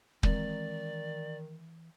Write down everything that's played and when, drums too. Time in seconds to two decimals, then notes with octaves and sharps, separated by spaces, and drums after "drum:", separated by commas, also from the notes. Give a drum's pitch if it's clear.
0.23 D#3 E3 G#3 C4 D5 A#5, drum: kick